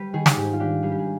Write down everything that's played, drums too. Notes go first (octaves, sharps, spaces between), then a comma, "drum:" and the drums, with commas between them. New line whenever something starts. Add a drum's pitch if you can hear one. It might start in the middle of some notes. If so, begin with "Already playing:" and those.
Already playing: G3 B4
D#3 G#4
drum: snare
G#2 G4
F4
D4 G4
G3 G#4
G4
G#4